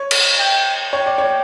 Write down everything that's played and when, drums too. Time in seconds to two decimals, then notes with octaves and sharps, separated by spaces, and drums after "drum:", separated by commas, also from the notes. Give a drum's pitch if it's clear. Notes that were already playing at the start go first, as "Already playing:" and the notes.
Already playing: C#5
0.11 drum: cymbal
0.39 G5
0.92 C#5 G5
1.06 D5
1.18 C#5